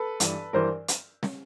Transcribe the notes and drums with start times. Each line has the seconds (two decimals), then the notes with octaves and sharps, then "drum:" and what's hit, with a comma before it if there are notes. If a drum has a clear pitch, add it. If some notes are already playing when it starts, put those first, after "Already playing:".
Already playing: A4 B4
0.20 G2 E3, drum: hi-hat
0.53 G2 E3 A#4 C5
0.88 drum: hi-hat
1.23 drum: snare